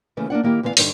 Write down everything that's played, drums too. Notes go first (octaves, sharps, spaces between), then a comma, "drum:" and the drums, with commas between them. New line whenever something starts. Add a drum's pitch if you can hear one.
D#2 C#3 E3 A3
A#3 C4 D4 F#5
D#3 A#3 E4 G4
D2 E3 B3 E4 F5
G2 D3 D#4 C5 C#5, drum: open hi-hat